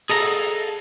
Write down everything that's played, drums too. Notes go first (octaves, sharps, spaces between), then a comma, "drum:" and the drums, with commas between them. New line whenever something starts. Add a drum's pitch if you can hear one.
G#4 A4 A#5, drum: open hi-hat